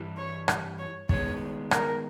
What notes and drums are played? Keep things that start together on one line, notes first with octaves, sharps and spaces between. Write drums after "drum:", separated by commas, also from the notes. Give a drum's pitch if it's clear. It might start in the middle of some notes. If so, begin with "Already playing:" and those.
Already playing: G2 E3 G3
C#5
drum: rim click
C#5
D#3 G#3 B3 C#5, drum: kick
A#4, drum: rim click